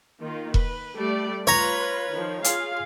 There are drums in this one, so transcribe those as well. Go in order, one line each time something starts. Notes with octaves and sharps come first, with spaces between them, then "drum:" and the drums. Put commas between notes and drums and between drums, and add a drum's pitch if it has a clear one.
D#3 A#3 F4
B4, drum: kick E1
G3 A3 D5
F4 B4 C#5 A#5
D#3 F3
F4 G#4 F5, drum: hi-hat